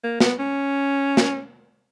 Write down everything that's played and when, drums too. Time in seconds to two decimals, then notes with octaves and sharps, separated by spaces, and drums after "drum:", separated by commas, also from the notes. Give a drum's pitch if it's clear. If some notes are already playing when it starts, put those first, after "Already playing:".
0.03 A#3
0.20 B3, drum: snare
0.39 C#4
1.17 drum: snare